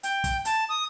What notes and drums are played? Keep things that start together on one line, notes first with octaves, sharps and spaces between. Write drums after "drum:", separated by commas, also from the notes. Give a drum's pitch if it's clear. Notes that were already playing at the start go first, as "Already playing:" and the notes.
G5, drum: hi-hat
drum: kick, hi-hat
A5, drum: hi-hat
D#6